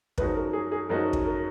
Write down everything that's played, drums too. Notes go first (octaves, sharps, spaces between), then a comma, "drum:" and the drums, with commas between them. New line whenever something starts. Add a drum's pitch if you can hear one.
F#2 F3 G#3 D#4 F#4 B4, drum: kick
A#4
G#4
G#4
F#2 F3 G#3 D#4 F#4 A#4
drum: kick
A#4